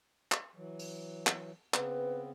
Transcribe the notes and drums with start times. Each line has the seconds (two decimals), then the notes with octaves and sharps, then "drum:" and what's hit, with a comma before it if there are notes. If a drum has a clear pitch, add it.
0.32 drum: clap
0.56 E3 F#3
0.79 drum: open hi-hat
1.27 drum: clap
1.74 C#3 B3 C4 B4, drum: clap